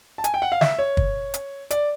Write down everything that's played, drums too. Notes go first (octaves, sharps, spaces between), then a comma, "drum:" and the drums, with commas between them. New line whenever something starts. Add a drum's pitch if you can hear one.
A5
G#5, drum: hi-hat
G5
F#5
F5
E5, drum: snare
C#5
drum: kick
drum: hi-hat
D5, drum: hi-hat